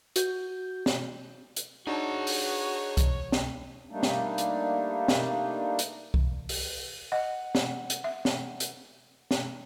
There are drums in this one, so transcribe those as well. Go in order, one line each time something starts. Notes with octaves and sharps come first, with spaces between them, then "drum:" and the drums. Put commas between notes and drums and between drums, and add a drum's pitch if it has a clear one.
F#4 G6, drum: hi-hat
drum: snare
drum: hi-hat
D4 D#4 F#4 G#4 C#5 A5
drum: open hi-hat
drum: kick C2, hi-hat
drum: snare
G3 A3 A#3 D4 D#4
drum: snare
drum: hi-hat
drum: snare
drum: hi-hat
drum: kick C2
drum: open hi-hat
D#5 F#5
drum: snare
drum: hi-hat
E5
drum: snare
drum: hi-hat
drum: snare